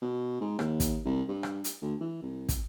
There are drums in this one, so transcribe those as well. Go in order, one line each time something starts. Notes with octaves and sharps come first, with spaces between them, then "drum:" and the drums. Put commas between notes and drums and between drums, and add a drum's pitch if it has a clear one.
B2
G#2
D#2, drum: rim click
drum: kick, hi-hat
C2
G2
drum: rim click
drum: hi-hat
D2
E3
C2
drum: kick, hi-hat